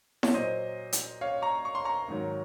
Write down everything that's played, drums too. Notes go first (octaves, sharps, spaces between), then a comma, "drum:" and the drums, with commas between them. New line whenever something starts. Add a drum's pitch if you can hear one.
C#5, drum: snare E4
A#2 F#3 C5 D#5
drum: hi-hat
C#5 F5
A#5 C#6
C#6
C6
A#5 C#6
G#2 D#3 F#3